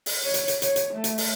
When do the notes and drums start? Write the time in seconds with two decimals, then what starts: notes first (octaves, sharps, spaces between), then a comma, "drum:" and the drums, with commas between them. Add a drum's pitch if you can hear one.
0.06 drum: open hi-hat
0.24 C#5
0.34 drum: hi-hat
0.48 drum: hi-hat
0.62 C#5, drum: hi-hat
0.76 drum: hi-hat
0.93 A3
1.04 drum: hi-hat
1.18 drum: open hi-hat